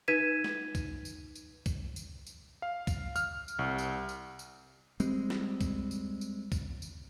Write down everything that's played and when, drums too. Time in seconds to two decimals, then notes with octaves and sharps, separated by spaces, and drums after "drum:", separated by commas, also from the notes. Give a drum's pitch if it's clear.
0.08 D#4 B4 G#6 B6 D#7 E7
0.44 drum: snare
0.75 drum: kick C2, tambourine
1.05 drum: tambourine
1.35 drum: tambourine
1.66 drum: kick C2, tambourine
1.96 drum: tambourine
2.27 drum: tambourine
2.62 F5
2.87 drum: kick C2, tambourine
3.16 F6, drum: tambourine
3.48 drum: tambourine
3.59 C2
3.78 drum: tambourine
4.09 drum: tambourine
4.39 drum: tambourine
5.00 G3 G#3 C4, drum: tambourine
5.30 drum: snare
5.61 drum: kick C2, tambourine
5.91 drum: tambourine
6.21 drum: tambourine
6.52 drum: kick C2, tambourine
6.82 drum: tambourine